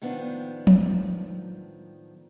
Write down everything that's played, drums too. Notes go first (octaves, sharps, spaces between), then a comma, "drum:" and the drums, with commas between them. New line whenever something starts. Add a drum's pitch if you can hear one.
A2 D#3 F3 B3 D4
drum: tom F3